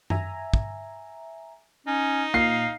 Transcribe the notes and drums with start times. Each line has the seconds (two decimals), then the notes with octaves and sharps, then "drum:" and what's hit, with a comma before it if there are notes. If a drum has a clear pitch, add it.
0.10 E5 G#5 A#5, drum: tom F#2
0.54 drum: kick
1.87 C#4 D#4
2.34 A#2 F5 C7